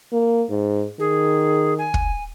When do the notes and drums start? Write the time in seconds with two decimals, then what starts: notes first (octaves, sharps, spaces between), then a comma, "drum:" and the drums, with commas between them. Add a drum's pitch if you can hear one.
0.13 A#3
0.50 G#2
1.00 D#3 G#4
1.78 G#5
1.94 drum: kick